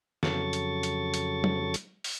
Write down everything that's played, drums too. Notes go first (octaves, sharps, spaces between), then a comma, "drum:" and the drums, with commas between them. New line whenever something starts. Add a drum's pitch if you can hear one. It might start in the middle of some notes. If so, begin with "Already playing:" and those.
F2 C#3 F#3 A4 C#6 A6, drum: snare
drum: hi-hat
drum: hi-hat
drum: hi-hat
drum: tom
drum: hi-hat
drum: open hi-hat